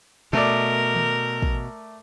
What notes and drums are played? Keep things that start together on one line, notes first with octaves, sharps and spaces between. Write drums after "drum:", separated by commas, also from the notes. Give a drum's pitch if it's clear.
B2 A3 A#4 D5
drum: tom D#3
drum: kick